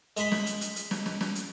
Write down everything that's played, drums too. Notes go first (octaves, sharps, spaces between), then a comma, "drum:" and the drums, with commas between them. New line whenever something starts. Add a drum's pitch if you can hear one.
G#3 B5, drum: hi-hat
drum: snare
drum: hi-hat
drum: hi-hat
drum: hi-hat
drum: snare
drum: snare
drum: snare
drum: hi-hat